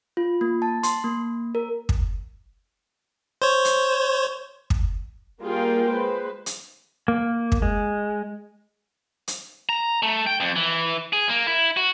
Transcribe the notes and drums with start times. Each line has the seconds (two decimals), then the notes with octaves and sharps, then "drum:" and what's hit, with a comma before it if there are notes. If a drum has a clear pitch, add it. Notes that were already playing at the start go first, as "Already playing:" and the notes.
0.17 F4
0.41 A#3
0.62 A5
0.83 C6, drum: hi-hat
1.04 A#3
1.55 A#4
1.89 drum: kick
3.42 C5 C#5
3.65 drum: hi-hat
4.70 drum: kick
5.42 G3 A#3 F4 G#4 A#4 G5
5.92 G#3 B4 C5
6.46 drum: hi-hat
7.08 A#3
7.52 drum: kick
7.62 G#3
9.28 drum: hi-hat
9.69 A#5
10.03 A3
10.27 G5
10.40 F2
10.56 E3
11.13 G#4
11.29 A#3
11.47 E4
11.77 F#4